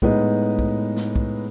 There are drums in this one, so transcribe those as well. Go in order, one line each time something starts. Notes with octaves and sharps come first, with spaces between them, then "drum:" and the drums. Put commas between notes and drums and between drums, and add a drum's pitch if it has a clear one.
A2 G#3 B3 D#4 B4, drum: kick
drum: kick
drum: snare
drum: kick